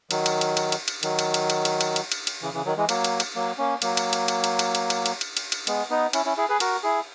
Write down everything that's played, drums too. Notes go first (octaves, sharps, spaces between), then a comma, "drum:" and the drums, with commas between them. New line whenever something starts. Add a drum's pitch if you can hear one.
D#3 F#3, drum: cymbal
drum: cymbal
drum: cymbal
drum: cymbal
drum: cymbal
drum: cymbal
D#3 F#3, drum: cymbal
drum: cymbal
drum: cymbal
drum: cymbal
drum: cymbal
drum: cymbal
drum: cymbal
drum: cymbal
drum: cymbal
C#3 E3
C#3 E3
D#3 F#3
E3 G#3
F#3 A#3, drum: cymbal
drum: cymbal
drum: cymbal
F#3 A#3
A#3 C#4
F#3 A#3, drum: cymbal
drum: cymbal
drum: cymbal
drum: cymbal
drum: cymbal
drum: cymbal
drum: cymbal
drum: cymbal
drum: cymbal
drum: cymbal
drum: cymbal
drum: cymbal
G#3 B3, drum: cymbal
B3 D#4
C#4 E4, drum: cymbal
C#4 E4
E4 G#4
G#4 B4
F#4 A#4, drum: cymbal
E4 G#4